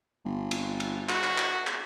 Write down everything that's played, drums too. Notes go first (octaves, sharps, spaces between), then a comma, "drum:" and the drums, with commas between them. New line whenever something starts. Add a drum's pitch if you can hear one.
G1
drum: cymbal
drum: cymbal
F#4, drum: clap
drum: clap
drum: clap
drum: clap